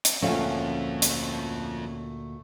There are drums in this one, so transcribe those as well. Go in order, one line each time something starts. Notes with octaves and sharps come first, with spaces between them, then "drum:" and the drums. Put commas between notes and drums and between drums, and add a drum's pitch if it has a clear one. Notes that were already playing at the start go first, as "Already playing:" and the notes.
drum: hi-hat
D2 A#2 F3 A3 C4 C#4 F5
drum: hi-hat